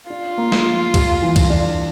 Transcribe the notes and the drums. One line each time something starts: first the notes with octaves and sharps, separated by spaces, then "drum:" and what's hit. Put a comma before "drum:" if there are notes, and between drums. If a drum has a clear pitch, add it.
D4 F4
A#3
drum: snare
F3
G3, drum: kick C#2, cymbal
E3
drum: kick C#2, cymbal
D4